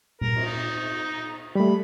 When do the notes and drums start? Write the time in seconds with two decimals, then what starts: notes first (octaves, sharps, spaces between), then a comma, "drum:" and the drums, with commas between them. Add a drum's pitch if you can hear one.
0.21 A#4, drum: tom A#2
0.36 drum: cymbal
0.46 D#4
1.55 G3 A3 B5